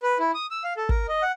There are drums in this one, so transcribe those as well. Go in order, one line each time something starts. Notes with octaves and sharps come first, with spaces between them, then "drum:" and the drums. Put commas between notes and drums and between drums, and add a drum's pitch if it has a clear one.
B4
E4
D#6
E6
F5
A4
A#4, drum: kick
D#5
F#5